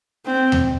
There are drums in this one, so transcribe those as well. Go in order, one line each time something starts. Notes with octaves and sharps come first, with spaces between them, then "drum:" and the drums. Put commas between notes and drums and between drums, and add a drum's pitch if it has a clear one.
C4
drum: tom D#2